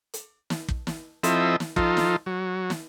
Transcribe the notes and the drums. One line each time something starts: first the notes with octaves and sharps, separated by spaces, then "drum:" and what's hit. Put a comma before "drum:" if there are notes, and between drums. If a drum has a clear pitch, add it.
drum: hi-hat
drum: snare
drum: kick
drum: snare
F3 C4 E4 A4 D#5 E5, drum: hi-hat
drum: snare
F3 D#4 F4 A4, drum: kick
drum: snare
F#3
drum: snare